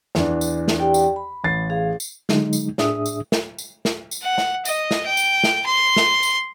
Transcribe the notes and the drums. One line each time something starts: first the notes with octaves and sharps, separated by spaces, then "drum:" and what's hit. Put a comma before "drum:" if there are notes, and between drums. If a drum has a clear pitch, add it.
E2 E3 D4, drum: snare
drum: tambourine
drum: snare
G4 D5 G5
drum: tambourine
B5
A1 A6 C7
G#4 F5
drum: tambourine
D3 F#3 G#3 D#4, drum: snare
drum: tambourine
A2 D4 G#4 E5 D#6, drum: snare
drum: tambourine
drum: snare
drum: tambourine
drum: snare
drum: tambourine
F#5
drum: snare
D#5, drum: tambourine
drum: snare
G5
drum: tambourine
drum: snare
C6
drum: snare
drum: tambourine